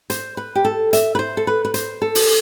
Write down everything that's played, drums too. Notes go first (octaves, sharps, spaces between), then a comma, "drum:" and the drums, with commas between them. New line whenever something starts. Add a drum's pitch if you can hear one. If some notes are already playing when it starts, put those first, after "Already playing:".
C5, drum: hi-hat
B4
G4
A4
E5, drum: hi-hat
B4
C5
A4
B4
B4
C5, drum: hi-hat
A4
drum: open hi-hat